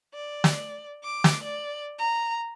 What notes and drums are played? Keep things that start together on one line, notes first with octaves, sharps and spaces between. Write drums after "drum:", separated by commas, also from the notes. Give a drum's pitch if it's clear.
D5
drum: snare
D6
drum: snare
D5
A#5